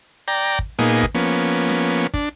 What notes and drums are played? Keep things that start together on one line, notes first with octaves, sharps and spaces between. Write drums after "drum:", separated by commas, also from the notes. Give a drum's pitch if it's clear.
D5 G5 A#5
drum: kick
A#2 A#3 B3 D#4 G#4, drum: snare
drum: kick
F3 A#3 B3 C#4
drum: snare
D4, drum: kick